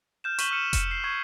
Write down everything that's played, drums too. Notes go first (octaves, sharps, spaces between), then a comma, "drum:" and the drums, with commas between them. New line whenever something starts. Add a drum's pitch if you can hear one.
F6 G6 E7
C#6 B6 D#7 E7 F#7 G7, drum: hi-hat
E6 F6 C#7 D#7 E7
C#7, drum: kick F1, hi-hat
C7
C#6 G#6